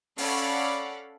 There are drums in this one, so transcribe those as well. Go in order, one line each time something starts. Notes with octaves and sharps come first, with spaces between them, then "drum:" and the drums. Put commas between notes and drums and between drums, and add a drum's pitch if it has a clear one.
C#4 A4 D5 F5 F#5 B5, drum: open hi-hat